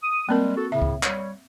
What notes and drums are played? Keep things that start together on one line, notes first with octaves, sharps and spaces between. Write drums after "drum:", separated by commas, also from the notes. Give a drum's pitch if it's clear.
D#6
G3 G#3 A#3 C4 A#4
F#4 A4
A2 C#3 E5
drum: kick C#2
G3 C#5, drum: clap